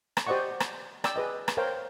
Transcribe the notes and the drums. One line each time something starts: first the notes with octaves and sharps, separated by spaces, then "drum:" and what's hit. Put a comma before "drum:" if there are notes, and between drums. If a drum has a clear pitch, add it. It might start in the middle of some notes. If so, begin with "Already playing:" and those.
drum: rim click
G4 C5 D5 D#5 F#5 C#6
drum: rim click
D5 G5 E6, drum: rim click
G#4 B4 D#5
drum: rim click
A#4 C5 C#5 F5 G5